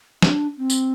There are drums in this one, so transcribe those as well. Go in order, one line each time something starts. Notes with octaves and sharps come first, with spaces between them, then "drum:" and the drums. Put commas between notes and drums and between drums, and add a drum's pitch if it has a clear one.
D4, drum: snare
C4
drum: tambourine